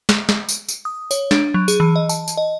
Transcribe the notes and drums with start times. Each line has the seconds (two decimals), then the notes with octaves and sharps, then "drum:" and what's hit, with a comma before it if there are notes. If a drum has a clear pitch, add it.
0.09 drum: snare
0.29 drum: snare
0.49 drum: tambourine
0.69 drum: tambourine
0.85 D#6
1.11 C#5, drum: tambourine
1.31 D4, drum: snare
1.54 F#3
1.68 G#4, drum: tambourine
1.80 E3
1.96 D#5
2.09 A5, drum: tambourine
2.28 drum: tambourine
2.37 D#5